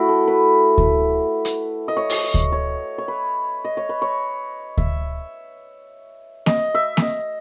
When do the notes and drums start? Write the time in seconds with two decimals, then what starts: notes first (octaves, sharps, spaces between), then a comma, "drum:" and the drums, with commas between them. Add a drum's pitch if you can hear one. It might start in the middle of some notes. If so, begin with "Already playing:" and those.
Already playing: A3 E4 F#4
0.09 A4
0.28 B4
0.78 drum: kick D2
1.45 drum: hi-hat
1.88 D#5
1.97 C#5
2.10 drum: open hi-hat
2.34 drum: kick D2
2.52 C#5
2.98 C#5
3.08 B4
3.65 D#5
3.77 C#5
3.89 B4
4.02 C#5
4.77 E5, drum: kick D2
6.46 D#5, drum: snare A#3
6.74 E5
6.97 D#5 E5, drum: snare A#3